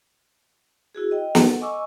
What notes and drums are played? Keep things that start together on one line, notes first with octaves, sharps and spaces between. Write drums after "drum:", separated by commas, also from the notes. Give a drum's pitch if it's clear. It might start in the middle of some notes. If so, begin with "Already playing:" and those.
E4 F#4 G#4
D#5 G5
A4 F#5, drum: snare
D#5 G#5 C#6 D6 E6